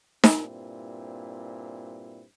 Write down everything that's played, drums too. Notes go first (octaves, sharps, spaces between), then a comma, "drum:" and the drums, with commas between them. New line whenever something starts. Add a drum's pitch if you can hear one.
G2 A#2 C4 E4, drum: snare D#4